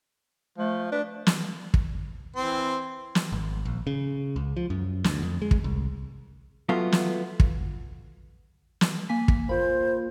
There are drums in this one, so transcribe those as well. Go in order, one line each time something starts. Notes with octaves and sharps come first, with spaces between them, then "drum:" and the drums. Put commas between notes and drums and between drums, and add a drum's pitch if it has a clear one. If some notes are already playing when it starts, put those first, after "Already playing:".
F3 A3
D4 B4
drum: snare
drum: kick
E3 C4 C6
drum: snare
G#1
A#1
C#3
C#2
F3
F#2
D2, drum: snare
F2
G#3
drum: kick
C2
F#3 A3 B3 F4
drum: snare
drum: kick
drum: snare
A#3 G#5 B6
drum: kick
A#3 F4 C5 B5